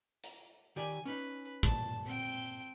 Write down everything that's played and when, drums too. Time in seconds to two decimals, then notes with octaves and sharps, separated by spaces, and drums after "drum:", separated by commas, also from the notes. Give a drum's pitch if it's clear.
0.24 drum: hi-hat
0.76 D#3 G4 D5 G#5
1.05 C#4 D#4 B4
1.63 A#2 A5, drum: kick
2.05 C4 G5